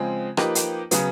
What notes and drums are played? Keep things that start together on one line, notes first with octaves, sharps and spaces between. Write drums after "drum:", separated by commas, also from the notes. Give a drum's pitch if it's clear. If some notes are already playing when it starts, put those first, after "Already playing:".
Already playing: C#3 F3 G#3 C4
F3 A#3 D#4 G4 B4, drum: rim click
drum: hi-hat
C#3 F#3 B3, drum: hi-hat